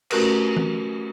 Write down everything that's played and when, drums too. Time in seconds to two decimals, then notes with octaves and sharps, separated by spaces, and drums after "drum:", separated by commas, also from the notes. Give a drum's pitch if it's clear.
0.10 A3 C#4 F#4 G4 A#4 B4, drum: cymbal
0.56 drum: tom